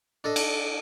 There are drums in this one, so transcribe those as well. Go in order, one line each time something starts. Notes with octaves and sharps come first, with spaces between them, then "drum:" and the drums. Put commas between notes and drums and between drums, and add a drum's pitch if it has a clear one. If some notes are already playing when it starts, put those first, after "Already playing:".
D4 A4 D#5
drum: cymbal